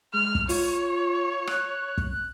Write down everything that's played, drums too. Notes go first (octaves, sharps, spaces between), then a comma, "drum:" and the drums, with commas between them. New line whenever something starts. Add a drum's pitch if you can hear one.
G#3 F6
drum: kick
F4 C#5, drum: open hi-hat
F#6, drum: rim click
drum: kick